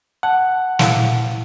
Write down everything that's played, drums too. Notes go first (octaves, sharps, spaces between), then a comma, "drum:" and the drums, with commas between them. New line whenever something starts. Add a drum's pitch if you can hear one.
F#5 A5
A#2 E4 F5, drum: snare